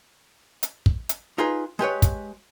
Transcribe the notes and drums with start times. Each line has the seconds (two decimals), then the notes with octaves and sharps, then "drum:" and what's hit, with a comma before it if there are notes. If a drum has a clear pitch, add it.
0.63 drum: hi-hat
0.86 drum: kick
1.09 drum: hi-hat
1.38 D#4 F4 G#4 B4
1.79 G#3 G4 B4 C#5
2.02 drum: kick, hi-hat